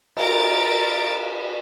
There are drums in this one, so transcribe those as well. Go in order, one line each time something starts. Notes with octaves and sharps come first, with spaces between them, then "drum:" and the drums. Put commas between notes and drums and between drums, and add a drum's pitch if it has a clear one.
A#4 A6 D7, drum: cymbal